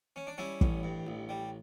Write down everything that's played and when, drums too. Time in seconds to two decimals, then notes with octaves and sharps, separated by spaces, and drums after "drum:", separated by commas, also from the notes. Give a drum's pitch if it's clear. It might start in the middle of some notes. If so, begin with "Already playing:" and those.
0.16 C#4
0.27 D4
0.38 G3 C#4 E4
0.61 A1, drum: kick
0.83 G2
1.07 A1
1.29 G3